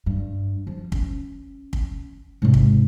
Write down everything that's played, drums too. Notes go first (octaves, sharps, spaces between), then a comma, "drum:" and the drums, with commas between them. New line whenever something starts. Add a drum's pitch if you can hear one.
G2
F3
C#4, drum: kick
drum: kick
G#2 C3
drum: kick